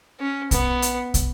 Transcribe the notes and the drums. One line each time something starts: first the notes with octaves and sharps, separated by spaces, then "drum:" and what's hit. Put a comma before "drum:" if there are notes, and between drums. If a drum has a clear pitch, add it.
C#4
B3, drum: kick, hi-hat
drum: hi-hat
drum: kick, hi-hat